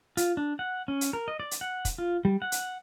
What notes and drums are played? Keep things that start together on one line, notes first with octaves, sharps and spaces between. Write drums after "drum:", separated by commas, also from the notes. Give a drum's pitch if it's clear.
F4, drum: hi-hat
D4
F#5
C#4
drum: hi-hat
A#4
D#5
D5
drum: hi-hat
F#5
drum: kick, hi-hat
F4
G3
F#5
drum: hi-hat